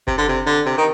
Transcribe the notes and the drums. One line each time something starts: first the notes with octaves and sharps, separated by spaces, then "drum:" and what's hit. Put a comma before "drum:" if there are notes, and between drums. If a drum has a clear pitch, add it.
C3, drum: kick F#1
D3
C3
D3
C3
D#3